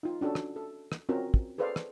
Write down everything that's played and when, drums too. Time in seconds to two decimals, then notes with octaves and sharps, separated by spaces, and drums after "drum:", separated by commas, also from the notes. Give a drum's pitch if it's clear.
0.03 D#4 F4
0.21 C#4 D4 F#4 A4
0.35 drum: rim click
0.56 A4
0.92 drum: rim click
1.09 C4 C#4 F4 F#4 A#4
1.34 drum: kick
1.58 G#4 A4 B4 C5 D5 F5
1.76 drum: rim click